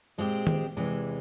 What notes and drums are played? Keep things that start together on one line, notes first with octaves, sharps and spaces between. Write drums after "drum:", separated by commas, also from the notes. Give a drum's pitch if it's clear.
A#2 G#3 C4 G4
drum: tom D#3
E2 C3 E3 G#3